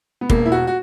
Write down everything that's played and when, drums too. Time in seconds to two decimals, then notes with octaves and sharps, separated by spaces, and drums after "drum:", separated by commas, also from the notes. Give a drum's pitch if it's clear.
0.21 B3
0.30 E1 A#3, drum: kick
0.46 E4
0.52 F#4
0.67 F#4